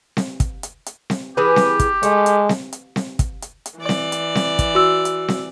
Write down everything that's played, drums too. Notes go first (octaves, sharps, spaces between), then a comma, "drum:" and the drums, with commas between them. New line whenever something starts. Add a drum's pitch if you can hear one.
drum: snare C4
drum: kick, hi-hat
drum: hi-hat
drum: hi-hat
drum: snare C4
E3 G4 G#4 B4
drum: snare C4
drum: kick, hi-hat
G#3 A3, drum: hi-hat
drum: hi-hat
drum: snare C4
drum: hi-hat
drum: snare C4
drum: kick, hi-hat
drum: hi-hat
drum: hi-hat
E3 D5
drum: snare C4
drum: hi-hat
drum: snare C4
drum: kick, hi-hat
F#4 E6
drum: hi-hat
drum: snare C4